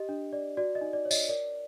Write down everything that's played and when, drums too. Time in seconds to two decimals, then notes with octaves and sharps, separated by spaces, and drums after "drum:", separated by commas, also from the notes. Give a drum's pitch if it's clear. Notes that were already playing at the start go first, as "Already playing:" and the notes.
Already playing: G4 D#5
0.09 D4
0.33 D5
0.57 F#4 D5
0.75 D#5
0.81 D#4
0.93 D5
1.05 C#5
1.11 D#5, drum: tambourine
1.29 A#4 D5